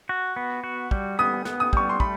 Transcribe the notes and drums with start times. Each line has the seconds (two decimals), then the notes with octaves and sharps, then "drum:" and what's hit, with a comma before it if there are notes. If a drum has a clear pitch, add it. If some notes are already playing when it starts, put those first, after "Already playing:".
0.09 F#4
0.36 B3
0.64 F#4
0.91 G3, drum: kick
1.19 B3 D#6
1.45 B3, drum: snare
1.60 D#6
1.73 G3 C#6, drum: kick
1.89 C6
2.00 A3 B5, drum: kick